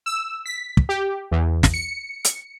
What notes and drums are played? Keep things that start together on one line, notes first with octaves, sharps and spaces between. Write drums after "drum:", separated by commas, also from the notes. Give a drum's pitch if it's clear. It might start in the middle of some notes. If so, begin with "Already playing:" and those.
E6
B6
drum: kick
G4
E2
drum: snare
C#7
drum: hi-hat